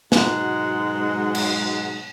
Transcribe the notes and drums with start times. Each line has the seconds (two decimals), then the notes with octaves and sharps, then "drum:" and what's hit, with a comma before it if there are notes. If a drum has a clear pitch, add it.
0.12 G#2 B2 F#3 G#3 F#4 F#5, drum: snare
1.35 drum: cymbal